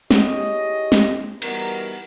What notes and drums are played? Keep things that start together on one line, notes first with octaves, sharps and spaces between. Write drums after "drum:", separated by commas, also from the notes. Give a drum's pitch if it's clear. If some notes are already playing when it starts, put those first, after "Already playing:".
D#4 E4 G4 G#4 C#5 D#5, drum: snare
drum: snare
E3 G3 B3 D#4 F#4 A#4, drum: cymbal